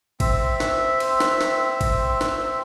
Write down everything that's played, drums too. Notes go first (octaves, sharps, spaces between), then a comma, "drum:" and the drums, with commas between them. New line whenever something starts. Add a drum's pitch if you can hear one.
C4 E5, drum: kick, cymbal
drum: snare
drum: cymbal
drum: snare
drum: snare
drum: kick, cymbal
drum: snare